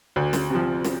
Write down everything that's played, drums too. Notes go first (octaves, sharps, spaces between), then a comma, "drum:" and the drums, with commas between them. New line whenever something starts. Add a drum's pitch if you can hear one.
D2
drum: snare
C3 F3
drum: snare